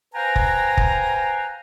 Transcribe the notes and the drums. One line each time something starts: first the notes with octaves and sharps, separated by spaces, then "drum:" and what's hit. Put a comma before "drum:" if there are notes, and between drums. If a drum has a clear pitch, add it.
B4 C5 F5 G5 G#5 A#5
drum: kick F1
drum: kick F1